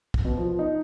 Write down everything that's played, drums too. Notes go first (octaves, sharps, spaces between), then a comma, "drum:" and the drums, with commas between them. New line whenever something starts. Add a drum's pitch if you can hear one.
drum: kick
B2
F3
D#4